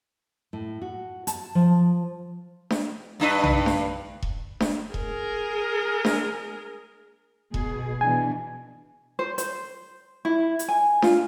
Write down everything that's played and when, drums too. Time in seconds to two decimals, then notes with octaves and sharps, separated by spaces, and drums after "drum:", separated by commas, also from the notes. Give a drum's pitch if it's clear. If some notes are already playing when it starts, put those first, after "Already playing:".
0.53 A2
0.82 F#4
1.27 A5, drum: hi-hat
1.55 F3
2.70 drum: snare D4
3.20 G2 D4 B4
3.43 drum: tom B1
3.66 drum: snare D4
4.22 drum: kick E1
4.60 drum: snare D4
4.94 G#4 A#4, drum: kick E1
6.05 drum: snare D4
7.54 B2 G#4, drum: kick E1
8.01 B2 E3 D4 G#5
9.19 C5
9.38 C5, drum: hi-hat
10.25 E4
10.59 drum: hi-hat
10.68 G#5
11.02 F4, drum: snare D4